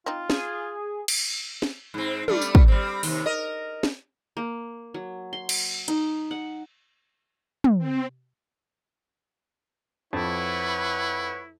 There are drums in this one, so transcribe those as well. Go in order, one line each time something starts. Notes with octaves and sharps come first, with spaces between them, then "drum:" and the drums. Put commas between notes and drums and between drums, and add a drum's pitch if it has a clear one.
C4 D#4 F4
G#4, drum: snare
drum: cymbal
drum: snare
G#2 C4
G3 A3 D4, drum: tom
drum: tambourine
drum: kick
G3 C4
D#2 C3, drum: open hi-hat
A#4 D#5
drum: snare
A#3
F#3
C6
drum: cymbal
D#4, drum: hi-hat
F#5
drum: tom
C4
F2 E4 B4 C#5 F#5